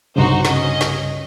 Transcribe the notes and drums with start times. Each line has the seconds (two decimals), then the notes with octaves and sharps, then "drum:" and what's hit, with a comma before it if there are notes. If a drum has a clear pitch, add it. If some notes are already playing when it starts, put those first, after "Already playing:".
0.16 C2 G2 C#3 D#4 F#4 C5
0.45 C#4 D#5, drum: snare
0.81 drum: snare